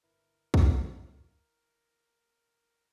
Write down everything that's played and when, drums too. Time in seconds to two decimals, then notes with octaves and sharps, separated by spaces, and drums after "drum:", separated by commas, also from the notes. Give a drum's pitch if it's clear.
0.03 G1 E4 A#4 B4
0.54 drum: kick